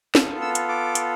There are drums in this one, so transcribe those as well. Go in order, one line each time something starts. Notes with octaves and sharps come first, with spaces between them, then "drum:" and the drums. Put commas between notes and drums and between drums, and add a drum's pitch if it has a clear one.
B3 F4 A4 F6, drum: snare
E6
drum: hi-hat
D6
drum: hi-hat